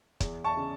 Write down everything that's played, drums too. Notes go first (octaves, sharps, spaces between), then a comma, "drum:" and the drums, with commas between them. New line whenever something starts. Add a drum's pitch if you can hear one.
E2, drum: kick, hi-hat
A5 C#6
C#3